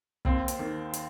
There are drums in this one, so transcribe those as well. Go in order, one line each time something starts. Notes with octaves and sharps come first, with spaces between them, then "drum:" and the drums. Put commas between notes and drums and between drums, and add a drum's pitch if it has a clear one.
D#2 C4, drum: kick
drum: hi-hat
D#3
drum: hi-hat